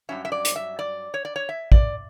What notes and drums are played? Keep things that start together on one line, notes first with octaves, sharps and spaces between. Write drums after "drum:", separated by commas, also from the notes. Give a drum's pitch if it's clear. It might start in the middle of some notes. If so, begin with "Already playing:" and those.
G2 F#3 C#4 E5
E5
D5
drum: hi-hat
E5
D5
C#5
D5
C#5
E5
D5, drum: kick